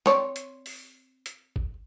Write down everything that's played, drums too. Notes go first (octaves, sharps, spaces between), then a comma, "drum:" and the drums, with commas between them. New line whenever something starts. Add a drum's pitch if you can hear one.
C4 C#5 D5, drum: snare
drum: hi-hat
drum: open hi-hat
drum: hi-hat
drum: kick G#1